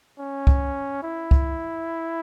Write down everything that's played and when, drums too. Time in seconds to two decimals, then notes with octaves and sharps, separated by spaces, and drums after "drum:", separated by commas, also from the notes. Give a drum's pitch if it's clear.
0.19 C#4
0.47 drum: kick
1.03 E4
1.31 drum: kick